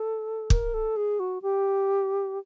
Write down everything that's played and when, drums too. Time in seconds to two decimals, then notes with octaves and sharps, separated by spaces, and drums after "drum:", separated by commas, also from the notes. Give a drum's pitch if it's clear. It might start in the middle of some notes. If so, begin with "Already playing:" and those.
Already playing: A4
0.50 A#4, drum: kick
0.74 A4
0.96 G#4
1.20 F#4
1.42 G4